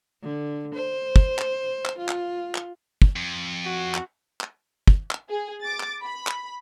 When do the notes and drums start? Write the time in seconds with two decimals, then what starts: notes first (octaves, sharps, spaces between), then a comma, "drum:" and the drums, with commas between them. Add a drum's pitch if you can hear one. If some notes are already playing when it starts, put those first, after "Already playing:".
0.22 D3
0.74 C5
1.16 drum: kick
1.39 drum: clap
1.85 drum: clap
1.98 F4
2.09 drum: clap
2.55 drum: clap
3.02 drum: kick
3.16 F2
3.65 F#4
3.95 drum: clap
4.41 drum: clap
4.87 drum: kick
5.11 drum: clap
5.29 G#4
5.62 D6 A6
5.80 drum: clap
6.04 B5
6.27 drum: clap